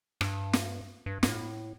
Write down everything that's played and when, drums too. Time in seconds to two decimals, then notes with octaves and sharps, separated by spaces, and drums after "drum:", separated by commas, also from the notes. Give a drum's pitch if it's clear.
0.21 G2, drum: rim click
0.53 drum: snare
1.06 G2
1.23 G2, drum: snare
1.28 A2